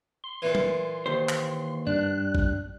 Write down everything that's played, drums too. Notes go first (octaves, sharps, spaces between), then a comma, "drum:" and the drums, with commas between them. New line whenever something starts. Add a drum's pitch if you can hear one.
C6
A#2 E3
drum: tom F#3
D#2 C5
drum: clap
G2 G3 D4 F#6
drum: kick A1